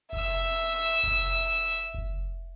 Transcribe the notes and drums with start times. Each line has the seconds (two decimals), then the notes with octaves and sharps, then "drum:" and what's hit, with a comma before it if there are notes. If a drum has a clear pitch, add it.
0.13 E5 E6, drum: kick F#1
1.03 drum: kick F#1
1.94 drum: kick F#1